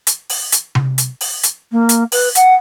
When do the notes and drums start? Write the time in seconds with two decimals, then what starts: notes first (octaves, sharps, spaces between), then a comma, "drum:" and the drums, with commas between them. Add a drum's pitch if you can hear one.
0.07 drum: hi-hat
0.29 drum: open hi-hat
0.52 drum: hi-hat
0.75 drum: tom C3
0.98 drum: hi-hat
1.21 drum: open hi-hat
1.43 drum: hi-hat
1.71 A#3
1.89 drum: hi-hat
2.12 B4, drum: open hi-hat
2.35 F#5, drum: hi-hat